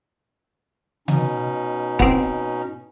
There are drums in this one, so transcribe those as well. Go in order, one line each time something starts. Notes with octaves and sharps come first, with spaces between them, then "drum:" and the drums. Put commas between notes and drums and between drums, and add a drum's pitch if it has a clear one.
B2 C#4 D#4, drum: tom C3
B3 C4, drum: kick